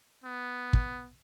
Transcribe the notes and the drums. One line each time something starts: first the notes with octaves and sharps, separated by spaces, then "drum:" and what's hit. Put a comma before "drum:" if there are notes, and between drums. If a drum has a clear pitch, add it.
B3
drum: kick